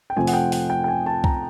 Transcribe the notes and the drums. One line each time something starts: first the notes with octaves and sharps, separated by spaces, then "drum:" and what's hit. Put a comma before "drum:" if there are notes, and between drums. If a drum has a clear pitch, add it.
G5
F2 C3 F3 A3 C4 G#5
F#5, drum: open hi-hat
G5
F#5, drum: open hi-hat
G5
G5
G#5
A5
A#5, drum: kick C2